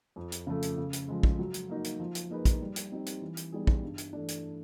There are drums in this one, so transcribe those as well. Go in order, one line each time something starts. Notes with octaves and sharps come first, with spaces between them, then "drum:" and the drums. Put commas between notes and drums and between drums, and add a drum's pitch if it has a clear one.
F2
drum: hi-hat
C#3 F3 A3
drum: hi-hat
C#3
drum: hi-hat
F3 G#3
drum: kick
F#3
drum: hi-hat
A#3 D#4 F#4
drum: hi-hat
F3
drum: hi-hat
A#3 D#4 G#4 B4
drum: kick, hi-hat
G3
drum: hi-hat
C4 D#4 G4
drum: hi-hat
E3
drum: hi-hat
G3 B3 D#4 G#4
drum: kick
G2
drum: hi-hat
E3 A3 D4
drum: hi-hat